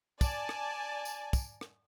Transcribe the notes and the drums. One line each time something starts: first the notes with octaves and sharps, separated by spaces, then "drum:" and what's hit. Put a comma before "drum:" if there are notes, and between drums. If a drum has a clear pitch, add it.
D5 G#5 A5, drum: kick, tambourine
drum: rim click
drum: tambourine
drum: kick, tambourine
drum: rim click